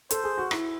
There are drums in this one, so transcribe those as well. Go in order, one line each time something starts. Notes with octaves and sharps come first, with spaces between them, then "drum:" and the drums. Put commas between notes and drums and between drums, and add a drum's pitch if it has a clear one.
A4 C5, drum: hi-hat
G#4
F#4
E4, drum: rim click